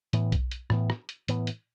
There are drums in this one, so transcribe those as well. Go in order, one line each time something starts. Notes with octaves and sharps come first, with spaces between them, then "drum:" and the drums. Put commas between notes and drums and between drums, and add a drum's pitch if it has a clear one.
A2 E3 B3, drum: hi-hat
drum: kick B1, hi-hat
drum: hi-hat
A2 E3 B3, drum: rim click
drum: rim click
drum: hi-hat
A2 E3 B3, drum: hi-hat
drum: hi-hat